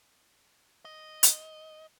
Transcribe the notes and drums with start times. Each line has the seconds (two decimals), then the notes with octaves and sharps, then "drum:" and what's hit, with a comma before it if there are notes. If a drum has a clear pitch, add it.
0.85 D#5
1.23 drum: hi-hat